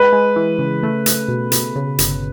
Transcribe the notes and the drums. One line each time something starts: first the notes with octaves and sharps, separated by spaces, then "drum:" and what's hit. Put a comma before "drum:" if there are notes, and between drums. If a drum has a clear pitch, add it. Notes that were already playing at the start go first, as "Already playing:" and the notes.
Already playing: G#3 B4
G#3
E3
C#3
A3
A3, drum: hi-hat
B2
B2, drum: hi-hat
C#3
G1, drum: hi-hat